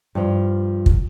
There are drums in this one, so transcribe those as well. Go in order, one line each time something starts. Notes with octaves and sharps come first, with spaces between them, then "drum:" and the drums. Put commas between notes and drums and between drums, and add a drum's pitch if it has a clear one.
G2 F3
drum: kick